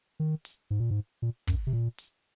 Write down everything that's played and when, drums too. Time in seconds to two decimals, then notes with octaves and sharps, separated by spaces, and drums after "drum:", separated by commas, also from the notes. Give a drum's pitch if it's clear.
0.20 D#3
0.45 drum: hi-hat
0.70 G#2
0.80 A#2
0.91 G#2
1.22 A#2
1.47 F#2, drum: kick, hi-hat
1.67 C3
1.73 A#2
1.98 drum: hi-hat